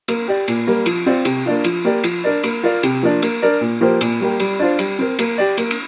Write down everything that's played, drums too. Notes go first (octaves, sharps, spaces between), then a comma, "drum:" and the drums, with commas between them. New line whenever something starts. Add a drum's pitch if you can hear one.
A#3, drum: cymbal
G4 D5
A#2, drum: cymbal
G3 A#3
F3, drum: cymbal
C4 F4 D5
C3, drum: cymbal
A#3 D4 F4
F3, drum: cymbal
A#3 G4 D5
F3, drum: cymbal
D4 A#4 D5
A#3, drum: cymbal
F4 A#4 D5
C3, drum: cymbal
F3 A#3 D4
A#3, drum: cymbal
D4 A#4 D5
A#2
F3 A#3 G4 C5
A#2, drum: cymbal
G3 A#3 G4
G3, drum: cymbal
D4 F4 C5
G3, drum: cymbal
C4 A#4
A#3, drum: cymbal
G4 D5
A#3, drum: cymbal
drum: cymbal